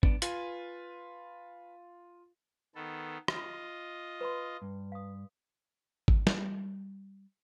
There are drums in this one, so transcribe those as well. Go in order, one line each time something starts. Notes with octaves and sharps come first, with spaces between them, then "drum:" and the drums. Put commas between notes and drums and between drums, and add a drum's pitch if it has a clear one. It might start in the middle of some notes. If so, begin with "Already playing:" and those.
B3 D4, drum: kick G#1
F4 B4 G#5, drum: hi-hat
D#3 B3 A4
F4 D#5, drum: rim click
B4 B5 C6
G2
F5 D#6
drum: kick G#1
G3, drum: snare